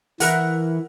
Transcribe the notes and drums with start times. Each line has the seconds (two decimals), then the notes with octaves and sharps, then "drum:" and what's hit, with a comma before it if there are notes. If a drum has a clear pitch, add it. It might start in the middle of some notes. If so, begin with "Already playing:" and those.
0.20 E3 E4 A#4 F#5, drum: open hi-hat